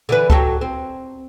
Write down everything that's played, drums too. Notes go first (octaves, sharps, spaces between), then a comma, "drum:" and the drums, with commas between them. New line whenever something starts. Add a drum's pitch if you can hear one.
D3 E3 B4
F#3 G4 A4, drum: kick C#2
C4